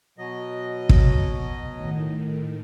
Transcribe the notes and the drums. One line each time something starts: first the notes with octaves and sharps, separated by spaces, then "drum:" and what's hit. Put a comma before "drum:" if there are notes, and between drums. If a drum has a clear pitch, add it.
B2 F#3 D#5
drum: kick
A2 D#3